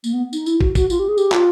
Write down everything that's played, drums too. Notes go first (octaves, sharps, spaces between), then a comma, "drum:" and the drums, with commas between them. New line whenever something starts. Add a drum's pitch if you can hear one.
A#3, drum: tambourine
B3
D#4, drum: tambourine
E4, drum: tambourine
F#4, drum: kick
F#4, drum: kick, tambourine
F4, drum: tambourine
G4
G#4
G4, drum: tambourine
F4, drum: clap